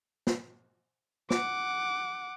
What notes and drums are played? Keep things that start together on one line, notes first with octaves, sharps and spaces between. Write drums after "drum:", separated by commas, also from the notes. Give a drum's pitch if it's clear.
drum: snare
F#5 D6, drum: snare